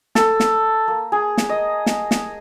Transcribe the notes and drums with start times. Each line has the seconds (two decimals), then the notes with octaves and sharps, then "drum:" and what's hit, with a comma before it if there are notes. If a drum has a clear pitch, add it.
0.15 A4, drum: snare
0.40 drum: snare
0.88 A#3
1.12 G#4
1.38 drum: snare
1.49 D#5
1.86 drum: snare
2.11 drum: snare